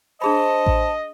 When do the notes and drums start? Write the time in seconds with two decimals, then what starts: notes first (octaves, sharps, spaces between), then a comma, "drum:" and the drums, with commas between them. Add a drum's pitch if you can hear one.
0.22 D4 G#4 C5 D#5 A5 B5
0.66 drum: kick A1